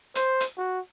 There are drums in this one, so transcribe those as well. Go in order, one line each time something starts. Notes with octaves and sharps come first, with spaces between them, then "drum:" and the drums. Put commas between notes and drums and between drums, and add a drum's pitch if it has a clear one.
C5, drum: hi-hat
drum: hi-hat
F#4